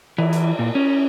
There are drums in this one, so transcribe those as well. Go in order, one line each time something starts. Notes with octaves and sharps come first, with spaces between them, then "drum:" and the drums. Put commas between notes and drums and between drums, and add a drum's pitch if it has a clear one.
E3, drum: cymbal
drum: hi-hat
A#2
C#4